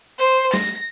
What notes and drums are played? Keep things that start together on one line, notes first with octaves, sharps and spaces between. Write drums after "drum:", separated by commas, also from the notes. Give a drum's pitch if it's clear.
C5
A#6, drum: snare